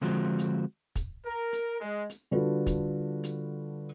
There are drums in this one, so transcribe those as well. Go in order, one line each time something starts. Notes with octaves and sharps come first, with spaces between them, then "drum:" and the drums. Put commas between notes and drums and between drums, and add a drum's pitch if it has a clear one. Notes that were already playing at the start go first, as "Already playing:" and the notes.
D3 F3 G#3 C4 F4 F#4
drum: hi-hat
drum: kick, hi-hat
A#4
drum: hi-hat
G#3
drum: hi-hat
D3 G3 F4 F#4 A4 B4
drum: kick, hi-hat
drum: hi-hat